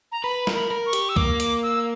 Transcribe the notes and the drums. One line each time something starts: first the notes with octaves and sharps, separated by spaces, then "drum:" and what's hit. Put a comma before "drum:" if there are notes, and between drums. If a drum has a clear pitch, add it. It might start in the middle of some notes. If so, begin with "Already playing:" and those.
A#5
B4 B5
A#4, drum: snare
B5
A#4
C#6
G4, drum: hi-hat
E6
A#3 D6, drum: kick
D6, drum: hi-hat
E6